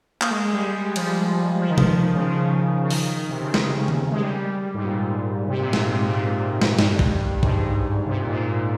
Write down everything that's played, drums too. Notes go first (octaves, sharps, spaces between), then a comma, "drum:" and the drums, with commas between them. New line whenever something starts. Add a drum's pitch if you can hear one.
A#3, drum: clap
G#3
G#3
G3
G3
F3, drum: cymbal
F3
D#3
F3, drum: tom C3
C#3
D#3
C#3
D#3, drum: open hi-hat
C3
C#3
D#3, drum: snare
drum: tom D#3
G#3
G3
G#2
A#2
C3
A#2
G#2, drum: snare
A#2
A#2
G#2
drum: snare
G2, drum: snare
drum: kick
G#2, drum: kick
C3
A#2
G#2
A#2